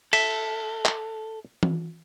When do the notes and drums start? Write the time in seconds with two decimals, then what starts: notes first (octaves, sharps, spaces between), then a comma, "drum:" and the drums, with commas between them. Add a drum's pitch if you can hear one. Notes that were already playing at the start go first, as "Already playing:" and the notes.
0.13 A4 E5, drum: cymbal
0.85 drum: clap
1.63 drum: tom E3